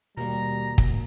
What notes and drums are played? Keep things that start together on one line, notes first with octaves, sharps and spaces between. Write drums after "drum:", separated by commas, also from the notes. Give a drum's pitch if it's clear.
D#2 B2 G3 A#3 A#5
drum: kick